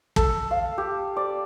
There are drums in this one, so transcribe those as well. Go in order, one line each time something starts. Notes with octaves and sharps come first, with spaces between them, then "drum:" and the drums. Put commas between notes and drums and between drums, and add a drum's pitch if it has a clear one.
A4, drum: kick
F5
G4
D5